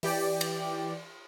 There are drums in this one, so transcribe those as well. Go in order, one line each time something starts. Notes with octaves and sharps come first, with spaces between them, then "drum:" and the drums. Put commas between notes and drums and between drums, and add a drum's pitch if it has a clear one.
E3 G4 D5, drum: open hi-hat
drum: cymbal